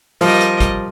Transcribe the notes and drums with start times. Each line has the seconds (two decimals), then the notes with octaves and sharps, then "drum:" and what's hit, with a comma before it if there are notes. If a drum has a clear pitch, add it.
0.21 F3 G3 A#4 D#5, drum: open hi-hat
0.41 drum: hi-hat
0.60 drum: kick, hi-hat